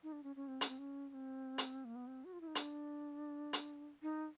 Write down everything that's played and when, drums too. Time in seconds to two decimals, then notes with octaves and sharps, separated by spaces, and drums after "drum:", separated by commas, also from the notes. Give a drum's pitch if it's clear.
0.03 D#4
0.12 D4
0.23 C#4
0.36 C#4
0.48 C4
0.61 C#4, drum: hi-hat
0.69 C4
0.79 C#4
1.10 C#4
1.14 C4
1.58 drum: hi-hat
1.85 A#3
1.95 B3
2.07 C4
2.25 F#4
2.33 F4
2.41 E4
2.47 D#4
2.55 D4, drum: hi-hat
3.53 drum: hi-hat
4.02 D#4